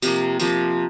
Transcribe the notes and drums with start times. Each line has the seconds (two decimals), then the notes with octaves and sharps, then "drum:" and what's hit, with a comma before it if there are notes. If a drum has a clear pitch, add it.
0.02 C3 F3 A#3, drum: tambourine
0.40 C3 F3 A#3, drum: tambourine